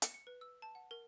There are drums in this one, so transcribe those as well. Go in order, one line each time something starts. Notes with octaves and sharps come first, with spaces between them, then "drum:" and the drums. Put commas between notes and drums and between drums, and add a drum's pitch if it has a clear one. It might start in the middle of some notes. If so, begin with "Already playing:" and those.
C#7, drum: hi-hat
C#7
B4
E6
A5
F#5
A#4